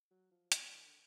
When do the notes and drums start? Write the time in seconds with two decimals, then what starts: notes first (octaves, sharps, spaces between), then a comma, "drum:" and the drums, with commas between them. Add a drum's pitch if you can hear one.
0.11 F#3
0.31 F3
0.52 F3, drum: hi-hat
0.72 D#3
0.86 D3